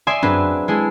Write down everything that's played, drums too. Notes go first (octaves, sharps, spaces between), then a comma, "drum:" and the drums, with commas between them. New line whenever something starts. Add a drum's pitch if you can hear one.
D5 E5 G#5 C6 D#6
F#3 C4 D4 G#4 B4, drum: tom
G#3 E4 G#4 A4